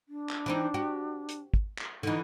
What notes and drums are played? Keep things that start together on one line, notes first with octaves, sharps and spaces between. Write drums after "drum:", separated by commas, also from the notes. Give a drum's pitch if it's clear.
D4
drum: clap
E3 C4 D#4
F#4 G4
drum: hi-hat
drum: kick
drum: clap
D3 E3 D#4